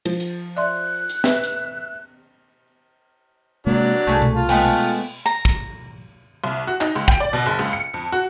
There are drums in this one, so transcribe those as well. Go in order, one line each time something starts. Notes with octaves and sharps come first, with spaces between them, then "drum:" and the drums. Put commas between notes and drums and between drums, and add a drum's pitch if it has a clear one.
F3, drum: cymbal
drum: hi-hat
D5 E5 C6 F#6
drum: hi-hat
B4 E5, drum: snare
drum: hi-hat
C3 F#3 G#3 A#3 D4
C2 A3 G#4 C#6
drum: tom B2
F4
G#3 A3 B3 G5 G#5, drum: cymbal
A#5
drum: kick
C2
F#4
D#4, drum: clap
C#2
G5, drum: kick
D5
B2
F#1
C#2
C#7
F2
F#4